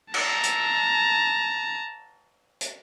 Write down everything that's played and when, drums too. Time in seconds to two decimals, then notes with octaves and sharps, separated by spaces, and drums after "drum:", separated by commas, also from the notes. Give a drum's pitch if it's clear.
0.14 A5 A#5, drum: cymbal
0.43 drum: hi-hat
2.61 drum: hi-hat